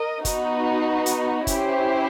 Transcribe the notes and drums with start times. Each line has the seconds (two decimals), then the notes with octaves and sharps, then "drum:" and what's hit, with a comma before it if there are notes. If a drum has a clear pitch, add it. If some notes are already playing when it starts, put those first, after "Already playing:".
Already playing: A#4 D#5
0.25 B3 D#4 F#4, drum: kick, hi-hat
1.06 drum: hi-hat
1.47 C#4 E4 G4 C5, drum: kick, hi-hat